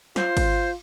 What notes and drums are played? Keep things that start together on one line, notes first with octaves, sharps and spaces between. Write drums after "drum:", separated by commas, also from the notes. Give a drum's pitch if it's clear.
F4 C5, drum: snare
drum: kick G#1, cymbal